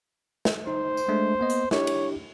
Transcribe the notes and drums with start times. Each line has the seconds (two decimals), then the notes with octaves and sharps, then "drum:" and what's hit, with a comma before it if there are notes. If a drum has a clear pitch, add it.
0.45 drum: snare
0.67 D#4 C5
0.97 drum: tambourine
1.08 G#3 A3 D4
1.40 A#3 B3 D#5
1.50 drum: hi-hat
1.71 D4 E4 G4 C#5, drum: snare
1.87 drum: cymbal